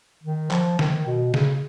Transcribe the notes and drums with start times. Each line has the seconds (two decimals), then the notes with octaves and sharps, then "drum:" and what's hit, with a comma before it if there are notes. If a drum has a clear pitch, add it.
0.23 D#3
0.51 F3, drum: clap
0.79 D#3, drum: snare
1.07 B2
1.34 C#3, drum: snare